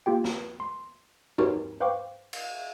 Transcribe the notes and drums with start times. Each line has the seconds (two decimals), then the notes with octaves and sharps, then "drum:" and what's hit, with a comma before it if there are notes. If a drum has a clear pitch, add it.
0.06 A#3 F4 G4 G5
0.24 drum: snare
0.60 C6
1.38 D#4 F#4 G4 A#4 B4 C#5, drum: tom G2
1.80 B4 C5 F5 G5 C#6 D6
2.33 drum: cymbal